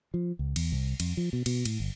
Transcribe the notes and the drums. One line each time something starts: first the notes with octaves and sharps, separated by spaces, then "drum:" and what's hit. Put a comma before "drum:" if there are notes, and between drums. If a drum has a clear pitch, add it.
F3
C#2
E2, drum: cymbal
C2
F2, drum: cymbal
F3
B2
B2, drum: cymbal
A2, drum: cymbal
G1